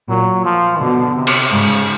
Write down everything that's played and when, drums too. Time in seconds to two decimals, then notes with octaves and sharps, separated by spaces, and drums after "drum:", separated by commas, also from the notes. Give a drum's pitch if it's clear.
0.08 A#2 F#3
0.45 F3
0.79 B2 D3
1.16 C3
1.27 drum: cymbal
1.52 G#2 C#3